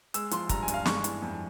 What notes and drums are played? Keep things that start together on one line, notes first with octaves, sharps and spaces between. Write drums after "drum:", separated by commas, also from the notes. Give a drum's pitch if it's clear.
G#3 E6, drum: hi-hat
F3 C6, drum: hi-hat
G2 A#5, drum: kick, hi-hat
G#5
G2, drum: hi-hat
F5
G#3 C#6, drum: snare
E3, drum: hi-hat
F2